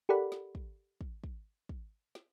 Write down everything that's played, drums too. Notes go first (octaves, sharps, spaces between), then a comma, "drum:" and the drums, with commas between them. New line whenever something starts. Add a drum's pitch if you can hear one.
G4 A4 A#4 D5 F#5 B5
drum: snare
drum: kick
drum: kick
drum: kick
drum: kick
drum: snare